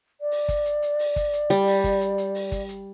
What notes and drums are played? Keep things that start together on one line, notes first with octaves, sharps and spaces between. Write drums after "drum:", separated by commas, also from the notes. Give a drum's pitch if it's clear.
D5
drum: open hi-hat
drum: kick, hi-hat
drum: hi-hat
drum: hi-hat
drum: open hi-hat
drum: kick, hi-hat
drum: hi-hat
G3, drum: hi-hat
drum: open hi-hat
drum: kick, hi-hat
drum: hi-hat
drum: hi-hat
drum: open hi-hat
drum: kick, hi-hat
drum: hi-hat